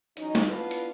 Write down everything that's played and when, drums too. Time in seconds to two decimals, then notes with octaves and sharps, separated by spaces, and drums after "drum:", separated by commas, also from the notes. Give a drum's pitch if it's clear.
0.17 E3 F#3 C#4 D#4, drum: hi-hat
0.35 drum: snare
0.49 B3 D4 E4 F4 B4
0.71 drum: hi-hat